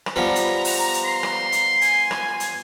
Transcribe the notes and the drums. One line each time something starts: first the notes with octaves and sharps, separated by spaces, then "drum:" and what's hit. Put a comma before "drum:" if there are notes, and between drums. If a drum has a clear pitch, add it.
drum: rim click
F3 G3 B3 A#5
drum: hi-hat
drum: open hi-hat
drum: hi-hat
C6
drum: rim click
drum: hi-hat
G#5, drum: hi-hat
drum: rim click
drum: hi-hat